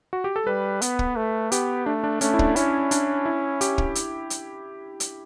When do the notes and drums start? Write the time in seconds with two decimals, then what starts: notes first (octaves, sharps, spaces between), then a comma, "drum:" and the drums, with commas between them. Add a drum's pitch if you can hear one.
0.13 F#4
0.24 G4
0.36 A4
0.46 G3 B4
0.82 B3, drum: hi-hat
0.99 drum: kick
1.16 A3
1.52 B3 G4, drum: hi-hat
1.86 A3 D4
2.03 D4
2.21 A3 C#4, drum: hi-hat
2.34 E4
2.39 D4, drum: kick
2.56 C#4 E4, drum: hi-hat
2.91 D4, drum: hi-hat
3.25 E4
3.61 G4, drum: hi-hat
3.78 drum: kick
3.95 drum: hi-hat
4.30 drum: hi-hat
5.00 drum: hi-hat